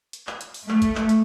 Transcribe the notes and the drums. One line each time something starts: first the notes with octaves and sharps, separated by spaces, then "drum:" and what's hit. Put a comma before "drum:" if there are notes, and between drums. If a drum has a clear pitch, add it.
drum: hi-hat
drum: clap
drum: hi-hat
drum: open hi-hat
A3, drum: clap
drum: kick, hi-hat
drum: clap
drum: hi-hat